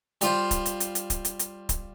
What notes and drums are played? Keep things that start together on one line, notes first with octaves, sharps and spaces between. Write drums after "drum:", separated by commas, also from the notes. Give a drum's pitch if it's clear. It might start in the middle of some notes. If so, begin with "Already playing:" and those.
G3 F4 C5, drum: hi-hat
drum: kick C#1, hi-hat
drum: hi-hat
drum: hi-hat
drum: hi-hat
drum: kick C#1, hi-hat
drum: hi-hat
drum: hi-hat
drum: kick C#1, hi-hat